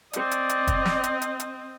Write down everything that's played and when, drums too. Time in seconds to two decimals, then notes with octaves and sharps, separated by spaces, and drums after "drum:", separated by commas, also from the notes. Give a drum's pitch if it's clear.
0.13 C4 D5 D#5, drum: hi-hat
0.31 drum: hi-hat
0.49 drum: hi-hat
0.67 drum: kick, hi-hat
0.85 drum: snare
1.04 drum: hi-hat
1.22 drum: hi-hat
1.40 drum: hi-hat